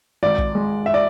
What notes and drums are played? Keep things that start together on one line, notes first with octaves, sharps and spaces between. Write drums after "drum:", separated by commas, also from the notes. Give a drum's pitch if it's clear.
G#1 D5
drum: kick
G#3
E5
D5